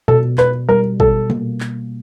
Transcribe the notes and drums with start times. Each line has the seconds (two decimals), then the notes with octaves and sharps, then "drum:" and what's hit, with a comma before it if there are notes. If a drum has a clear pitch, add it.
0.08 B2 A4, drum: tom A#2
0.38 B2 B4, drum: clap
0.69 G3 A#4
1.00 B2 A4, drum: kick
1.30 A#3, drum: tom A#2
1.60 drum: clap